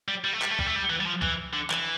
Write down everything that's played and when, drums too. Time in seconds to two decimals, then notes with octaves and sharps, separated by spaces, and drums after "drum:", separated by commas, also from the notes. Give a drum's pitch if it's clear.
0.08 G3
0.24 G3
0.33 A3
0.42 G3, drum: clap
0.50 A3
0.59 G3, drum: kick
0.66 A3
0.76 G3
0.90 E3
1.00 G3
1.06 F3
1.22 E3, drum: kick
1.54 D3
1.70 E3, drum: clap